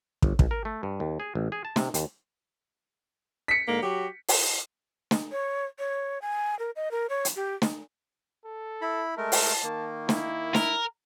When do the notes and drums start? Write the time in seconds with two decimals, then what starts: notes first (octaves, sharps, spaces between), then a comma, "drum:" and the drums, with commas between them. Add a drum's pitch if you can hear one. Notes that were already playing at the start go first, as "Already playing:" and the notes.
0.22 G1, drum: kick
0.39 B1, drum: kick
0.51 A#4
0.65 A3
0.83 G2
1.00 D#2
1.20 G#4
1.35 A1
1.52 G#4
1.65 A5
1.76 C3, drum: snare
1.94 D#2, drum: hi-hat
3.48 B6 C#7
3.68 G#2 D3 A#3
3.82 F#3 F#4 G4
4.28 drum: open hi-hat
5.11 drum: snare
5.32 C#5
5.79 C#5
6.22 G#5
6.59 A#4
6.76 D#5
6.91 A#4
7.10 C#5
7.25 drum: hi-hat
7.36 G4
7.62 drum: snare
8.45 A4
8.81 E4 B5
9.17 G#3 A3 A#4 A5
9.32 drum: open hi-hat
9.63 D#3 A#3
10.09 E4, drum: snare
10.55 A#4, drum: snare